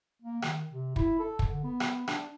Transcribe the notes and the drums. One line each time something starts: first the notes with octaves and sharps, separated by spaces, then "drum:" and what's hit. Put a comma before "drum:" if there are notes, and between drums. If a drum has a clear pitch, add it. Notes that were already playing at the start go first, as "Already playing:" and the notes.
A#3
D#3, drum: rim click
C3
E4, drum: kick
A4
drum: kick
D3
B3
drum: rim click
D4, drum: rim click